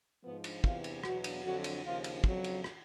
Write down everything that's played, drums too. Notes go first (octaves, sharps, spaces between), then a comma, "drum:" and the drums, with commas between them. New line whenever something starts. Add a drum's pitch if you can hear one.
G#2 F3 B3
drum: cymbal
E2 C3 E3 F4, drum: kick
drum: cymbal
E2 B2 F#3 F#4, drum: rim click
drum: cymbal
F2 D3 F#3 F#4
drum: cymbal
D#2 C#3 F3 F4
drum: cymbal
F2 C#3 F#3, drum: kick
drum: cymbal
drum: rim click